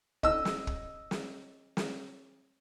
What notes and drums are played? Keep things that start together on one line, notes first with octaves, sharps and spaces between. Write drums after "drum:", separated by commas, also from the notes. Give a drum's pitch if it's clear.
D#5 E6, drum: kick
drum: snare
drum: kick
drum: snare
drum: snare